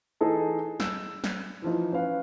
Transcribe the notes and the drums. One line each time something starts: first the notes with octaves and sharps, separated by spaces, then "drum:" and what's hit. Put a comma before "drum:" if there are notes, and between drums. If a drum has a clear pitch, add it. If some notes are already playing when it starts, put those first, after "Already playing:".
E3 D#4 G#4 A4 D#5
E6 E7, drum: snare
drum: snare
E3 F3 D#4
C#4 B4 F5